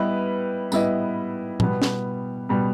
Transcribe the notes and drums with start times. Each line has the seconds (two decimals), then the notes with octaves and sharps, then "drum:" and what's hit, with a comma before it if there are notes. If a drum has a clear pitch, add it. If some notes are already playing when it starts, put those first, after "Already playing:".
Already playing: G3 B3 E4 B4 D#5
0.72 G3 B3 E4 B4 D#5, drum: tambourine
1.60 B2 G3 B3, drum: tom A2
1.82 drum: snare
2.49 B2 G3 B3